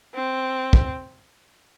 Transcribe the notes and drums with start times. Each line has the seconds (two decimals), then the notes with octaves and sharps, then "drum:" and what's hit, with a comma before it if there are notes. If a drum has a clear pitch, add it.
0.15 C4
0.73 drum: kick